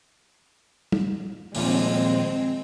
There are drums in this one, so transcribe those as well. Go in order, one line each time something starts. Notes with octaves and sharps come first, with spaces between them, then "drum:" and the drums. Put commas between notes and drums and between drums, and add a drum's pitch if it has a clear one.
drum: tom
D#2 A#2 F3 G#3 C4, drum: open hi-hat